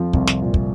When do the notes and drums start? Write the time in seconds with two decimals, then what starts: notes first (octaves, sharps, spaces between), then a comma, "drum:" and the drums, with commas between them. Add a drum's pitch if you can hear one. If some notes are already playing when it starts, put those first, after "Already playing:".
Already playing: F2 F3
0.13 C2 C3, drum: kick
0.27 drum: snare
0.41 A#2
0.54 drum: kick